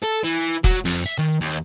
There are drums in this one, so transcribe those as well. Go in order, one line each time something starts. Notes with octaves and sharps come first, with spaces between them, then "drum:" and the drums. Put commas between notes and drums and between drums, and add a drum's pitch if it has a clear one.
A4
E3
F#3, drum: kick
F2, drum: open hi-hat
E5
D#3
D#2